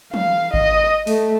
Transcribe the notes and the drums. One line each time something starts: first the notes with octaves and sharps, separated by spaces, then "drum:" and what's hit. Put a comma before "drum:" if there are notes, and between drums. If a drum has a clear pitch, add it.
F5, drum: tom
D#5, drum: kick G#1
A3, drum: open hi-hat